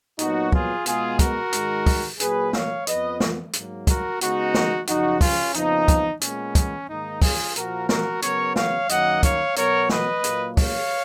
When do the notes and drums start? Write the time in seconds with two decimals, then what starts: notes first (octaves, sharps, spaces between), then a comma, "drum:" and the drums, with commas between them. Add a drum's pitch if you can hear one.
0.19 A#2 F#3 B3 D#4 F#4, drum: hi-hat
0.52 F4 G#4, drum: kick
0.86 B2 G#3 B3 F4 G#4, drum: hi-hat
1.19 F#4 A#4, drum: kick, hi-hat
1.53 G#2 D#3 G#3, drum: hi-hat
1.86 drum: kick, open hi-hat
2.20 A#2 F#3 A#3 G#4 B4, drum: hi-hat
2.53 C#5 F5, drum: snare
2.87 F2 F3 B3 B4 D#5, drum: hi-hat
3.20 drum: snare
3.53 G#2 F#3 A#3, drum: hi-hat
3.87 F#4 A#4, drum: kick, hi-hat
4.21 C#3 G#3 B3 D#4 F#4, drum: hi-hat
4.54 drum: snare
4.87 F#2 C#3 F3 D#4 F#4, drum: hi-hat
5.21 C#4 F4, drum: kick, open hi-hat
5.54 F2 C#3 F3 B3 D#4, drum: hi-hat
5.88 drum: kick, hi-hat
6.21 A#2 G#3 B3 C#4, drum: hi-hat
6.55 C#4, drum: kick, hi-hat
6.89 G#2 D#3 A#3 D#4
7.22 F4 G#4, drum: kick, open hi-hat
7.56 A#2 F3 A#3 F#4 A#4, drum: hi-hat
7.89 F#4 A#4, drum: snare
8.22 C#3 F#3 B3 A#4 C#5, drum: hi-hat
8.56 C#5 F5, drum: snare
8.89 F#2 D#3 F#3 A#3 D#5 F#5, drum: hi-hat
9.23 C#5 F5, drum: kick, hi-hat
9.56 B2 F#3 B3 A#4 C#5, drum: hi-hat
9.89 B4 D#5, drum: snare
10.24 A#2 F#3 A#3, drum: hi-hat
10.57 C#5 F5, drum: kick, open hi-hat